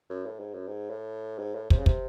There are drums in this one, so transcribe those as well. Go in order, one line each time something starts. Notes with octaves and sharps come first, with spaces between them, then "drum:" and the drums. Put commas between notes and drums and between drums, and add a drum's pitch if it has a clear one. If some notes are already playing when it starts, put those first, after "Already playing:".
F#2
A2
G#2
F#2
G#2
A2
G#2
A2
C3, drum: kick
C#3
C3, drum: kick